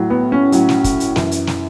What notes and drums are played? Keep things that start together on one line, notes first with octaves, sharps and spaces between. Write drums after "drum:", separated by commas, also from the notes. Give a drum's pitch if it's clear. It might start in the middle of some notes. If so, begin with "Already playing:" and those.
Already playing: A2 F#3
B3
C#4
A2 F#3, drum: hi-hat
drum: snare
drum: kick, hi-hat
drum: hi-hat
F#2 E3, drum: snare
drum: hi-hat
drum: snare